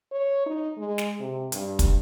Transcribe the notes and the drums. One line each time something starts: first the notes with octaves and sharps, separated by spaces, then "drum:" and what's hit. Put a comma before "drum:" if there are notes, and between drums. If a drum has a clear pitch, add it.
C#5
D#4
G#3
drum: snare
C3
G2, drum: hi-hat
drum: kick, hi-hat